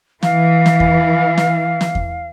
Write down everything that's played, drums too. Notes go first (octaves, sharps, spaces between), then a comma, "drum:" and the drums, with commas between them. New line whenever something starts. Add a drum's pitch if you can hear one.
E3 F5, drum: snare
drum: snare
drum: kick E2
drum: snare
drum: snare
drum: kick E2